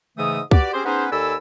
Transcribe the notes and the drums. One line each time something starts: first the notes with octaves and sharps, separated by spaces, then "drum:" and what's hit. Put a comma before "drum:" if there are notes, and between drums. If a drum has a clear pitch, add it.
G#2 C#3 E3 A3 E5 D#6
F#4 G4 B4 D5, drum: kick
C4 C#4 G4 G#4 C5
B3 C#4 D#4 G#4 B4 C5
D#2 A4 D5 G#5 B5 E6